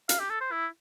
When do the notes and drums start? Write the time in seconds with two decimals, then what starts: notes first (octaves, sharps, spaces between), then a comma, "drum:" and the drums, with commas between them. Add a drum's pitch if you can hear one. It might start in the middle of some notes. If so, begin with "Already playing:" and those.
0.09 F5, drum: hi-hat
0.20 G4
0.30 A4
0.41 C5
0.51 E4